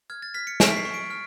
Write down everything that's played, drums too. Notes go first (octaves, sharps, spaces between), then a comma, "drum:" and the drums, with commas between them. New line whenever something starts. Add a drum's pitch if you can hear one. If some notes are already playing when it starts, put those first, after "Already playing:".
F6 G#6
A6
F6 B6
C#7
C#6 D7, drum: snare
B6
C7
C#6
D7
F6